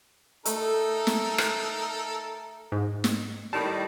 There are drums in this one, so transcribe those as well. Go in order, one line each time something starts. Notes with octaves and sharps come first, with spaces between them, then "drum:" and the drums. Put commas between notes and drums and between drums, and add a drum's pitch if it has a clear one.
A3 D#4 A4 A#4, drum: hi-hat
drum: snare
drum: rim click
G#2
drum: snare
A2 D#3 G3 A5